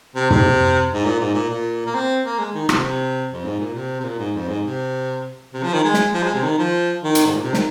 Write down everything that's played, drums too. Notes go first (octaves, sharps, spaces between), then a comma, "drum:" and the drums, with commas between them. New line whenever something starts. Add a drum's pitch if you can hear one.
C3
C3, drum: tom
G#2
A#2
G#2
A#2
A#2
A#3
C4
A#3
G#3
D#3
C3, drum: rim click
C3
F2
G#2
A#2
C3
C3
A#2
G#2
F2
G#2
C3
C3
F3
D#3
G#3
drum: snare
F3
G#3
C3
D#3
F3
D#3
drum: hi-hat
G#2
A#2
C3
D#3, drum: snare